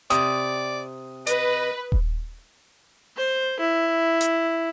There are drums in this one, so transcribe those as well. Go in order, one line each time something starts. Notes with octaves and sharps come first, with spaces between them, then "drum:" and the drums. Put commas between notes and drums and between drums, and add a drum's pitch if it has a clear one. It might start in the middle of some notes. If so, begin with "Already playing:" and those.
C3 C4 D5 D#6, drum: hi-hat
B4 D#5, drum: hi-hat
drum: kick D#1
C5
E4
drum: hi-hat